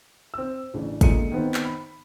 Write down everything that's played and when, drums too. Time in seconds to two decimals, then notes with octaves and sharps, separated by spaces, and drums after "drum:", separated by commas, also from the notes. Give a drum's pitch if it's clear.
0.34 C4 E6
0.74 A1 C#3 D4
1.01 C#2 A#2 D3 G#4 C#7 D#7, drum: kick, hi-hat
1.31 D#3 B3 C4
1.54 drum: clap
1.65 B5